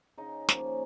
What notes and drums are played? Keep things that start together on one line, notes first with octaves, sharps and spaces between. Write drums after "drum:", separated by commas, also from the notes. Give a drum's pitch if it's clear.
C#3 D#4 D#5
F3 A#3 C#4, drum: snare